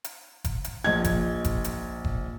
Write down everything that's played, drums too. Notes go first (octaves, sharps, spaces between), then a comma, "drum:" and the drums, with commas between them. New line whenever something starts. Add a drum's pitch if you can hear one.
drum: hi-hat
drum: kick F#1, hi-hat
drum: hi-hat
A#1 D#5 G#6
drum: kick F#1, hi-hat
drum: kick F#1, hi-hat
drum: hi-hat
drum: kick F#1